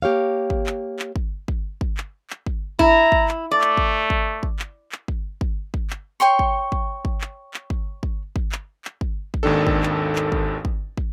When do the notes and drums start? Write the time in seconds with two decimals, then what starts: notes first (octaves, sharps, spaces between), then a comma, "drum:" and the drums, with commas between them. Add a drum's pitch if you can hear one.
0.02 A#3 G4 C#5 F5
0.50 drum: kick
0.66 drum: clap
0.99 drum: clap
1.16 drum: kick
1.48 drum: kick
1.81 drum: kick
1.97 drum: clap
2.30 drum: clap
2.46 drum: kick
2.79 E4 A#5, drum: kick
3.12 drum: kick
3.28 drum: clap
3.51 A3 D5
3.61 drum: clap
3.77 drum: kick
4.10 drum: kick
4.43 drum: kick
4.59 drum: clap
4.92 drum: clap
5.08 drum: kick
5.41 drum: kick
5.74 drum: kick
5.90 drum: clap
6.20 C#5 G5 C6 C#6
6.39 drum: kick
6.72 drum: kick
7.05 drum: kick
7.21 drum: clap
7.54 drum: clap
7.70 drum: kick
8.03 drum: kick
8.36 drum: kick
8.52 drum: clap
8.85 drum: clap
9.01 drum: kick
9.34 drum: kick
9.43 G#1 D#2 D#3 D4 A4
9.67 drum: kick
9.83 drum: clap
10.16 drum: clap
10.32 drum: kick
10.65 drum: kick
10.97 drum: kick